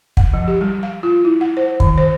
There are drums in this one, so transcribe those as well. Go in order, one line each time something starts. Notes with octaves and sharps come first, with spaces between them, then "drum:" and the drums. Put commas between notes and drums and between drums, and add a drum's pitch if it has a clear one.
F#5, drum: kick
F3
G4
G3
F5
F4
E4
F#5
C5
D#3, drum: kick
C5